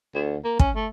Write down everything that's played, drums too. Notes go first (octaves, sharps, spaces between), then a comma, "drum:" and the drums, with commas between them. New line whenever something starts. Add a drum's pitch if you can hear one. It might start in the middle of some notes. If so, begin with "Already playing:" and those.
D2
A#3
C#4, drum: kick
A3